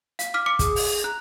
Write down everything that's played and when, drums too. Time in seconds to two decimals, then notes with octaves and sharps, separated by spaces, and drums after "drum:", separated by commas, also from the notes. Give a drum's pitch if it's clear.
0.19 F5, drum: hi-hat
0.34 D6 F6 B6
0.46 D6 C#7
0.59 G#4, drum: kick, hi-hat
0.76 drum: open hi-hat
1.04 A#5 F#6